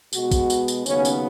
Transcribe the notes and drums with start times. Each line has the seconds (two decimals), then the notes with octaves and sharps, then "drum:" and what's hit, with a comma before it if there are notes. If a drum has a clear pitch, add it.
0.13 B2 G#3 B3 F#4, drum: tambourine
0.31 drum: kick, tambourine
0.50 drum: tambourine
0.68 drum: tambourine
0.86 D#2 C#3 F#3 B3 C#4, drum: tambourine
1.05 drum: tambourine